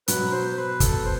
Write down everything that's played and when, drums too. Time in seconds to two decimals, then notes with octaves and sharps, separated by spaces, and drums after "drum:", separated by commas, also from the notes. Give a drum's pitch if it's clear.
0.08 B2 F#3 B3 B4, drum: hi-hat
0.32 C5
0.56 B4
0.80 A4, drum: kick, hi-hat
1.05 C5